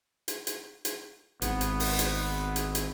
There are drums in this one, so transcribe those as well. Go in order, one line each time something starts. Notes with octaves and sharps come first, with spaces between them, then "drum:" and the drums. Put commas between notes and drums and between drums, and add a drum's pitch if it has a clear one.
drum: hi-hat
drum: hi-hat
drum: hi-hat
G#1 B3, drum: hi-hat
drum: hi-hat
drum: open hi-hat
drum: hi-hat
drum: hi-hat
drum: hi-hat